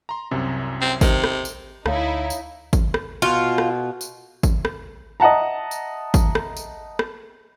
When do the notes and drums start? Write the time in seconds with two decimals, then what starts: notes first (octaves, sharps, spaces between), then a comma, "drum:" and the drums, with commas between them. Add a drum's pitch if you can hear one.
0.09 A#5 C6
0.31 C2 F#2 C3
0.81 C4
1.01 C3 D#4 A#4 D#5, drum: kick G#1, tambourine
1.24 drum: rim click
1.45 drum: tambourine
1.86 D2 D#4 E4 C#5 F5 A5, drum: rim click
2.30 drum: tambourine
2.73 drum: kick G#1, tambourine
2.94 drum: rim click
3.22 B2 F4 F#4 C#6
3.58 drum: rim click
4.01 drum: tambourine
4.43 drum: kick G#1, tambourine
4.65 drum: rim click
5.20 D#5 E5 F#5 A5 A#5
5.71 drum: tambourine
6.14 drum: kick G#1, tambourine
6.35 drum: rim click
6.57 drum: tambourine
6.99 drum: rim click